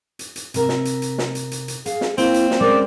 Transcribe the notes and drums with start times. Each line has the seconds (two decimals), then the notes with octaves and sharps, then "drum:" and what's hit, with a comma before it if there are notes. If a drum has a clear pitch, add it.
0.19 drum: hi-hat
0.36 drum: hi-hat
0.54 C3 A#4 E5, drum: hi-hat
0.69 drum: snare
0.85 drum: hi-hat
1.02 drum: hi-hat
1.18 drum: snare
1.35 drum: hi-hat
1.51 drum: hi-hat
1.68 drum: hi-hat
1.86 G#4 F5, drum: hi-hat
2.01 drum: snare
2.18 A#3 C4 E4, drum: hi-hat
2.34 drum: hi-hat
2.51 drum: snare
2.61 G#3 C#4 A#4 D5